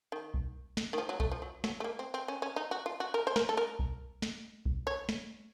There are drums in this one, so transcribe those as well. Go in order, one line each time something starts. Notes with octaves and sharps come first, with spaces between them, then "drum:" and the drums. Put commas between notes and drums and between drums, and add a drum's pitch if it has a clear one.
D#3
drum: kick B1
drum: snare
D#3
F3
F#3
A3, drum: kick B1
F3
F#3
F#3, drum: snare
A3
A#3
C4
C4
C#4
C#4
D#4
F#4
F4
F#4
A#4
C5
A#4, drum: snare
A4
A#4
drum: kick B1
drum: snare
drum: kick B1
C#5
drum: snare